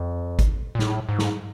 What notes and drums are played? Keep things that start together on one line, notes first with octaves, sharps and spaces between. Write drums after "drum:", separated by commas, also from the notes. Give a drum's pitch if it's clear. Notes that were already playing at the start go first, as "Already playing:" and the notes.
Already playing: F2
drum: kick G#1, hi-hat
A#2
A2, drum: snare
G#2
drum: snare